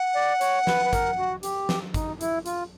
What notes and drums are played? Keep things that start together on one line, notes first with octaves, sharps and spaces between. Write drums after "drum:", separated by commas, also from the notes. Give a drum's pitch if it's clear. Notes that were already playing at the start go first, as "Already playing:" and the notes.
Already playing: F#5
D5
C#5, drum: hi-hat
B4, drum: snare
B4
A#4, drum: kick, hi-hat
F#4
G4, drum: hi-hat
drum: snare
D#4, drum: kick, hi-hat
E4, drum: hi-hat
F4, drum: hi-hat